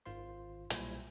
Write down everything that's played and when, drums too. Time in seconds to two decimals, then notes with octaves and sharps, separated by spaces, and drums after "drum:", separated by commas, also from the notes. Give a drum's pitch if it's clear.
0.06 G#1 D#3 F4 C5 C6
0.70 B1 A#2 G3 E4 C5 G#5, drum: hi-hat